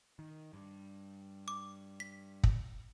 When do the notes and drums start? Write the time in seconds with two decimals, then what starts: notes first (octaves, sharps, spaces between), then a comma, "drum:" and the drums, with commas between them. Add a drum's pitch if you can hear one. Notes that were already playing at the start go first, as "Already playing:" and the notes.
0.19 D#3
0.53 G2
1.48 D6
2.00 B6
2.44 drum: kick